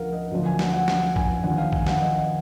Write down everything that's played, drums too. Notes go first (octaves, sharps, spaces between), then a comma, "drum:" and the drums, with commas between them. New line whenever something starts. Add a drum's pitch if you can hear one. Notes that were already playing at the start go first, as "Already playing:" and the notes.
Already playing: D2 F3 A#4 F5 F#5
D#5
D2 D3 F3
G#5
F#5, drum: snare
F#5
F#5, drum: snare
G#5, drum: kick
D#2 D3 F3 F#5
F5
G#5, drum: kick
F#5, drum: snare
D#5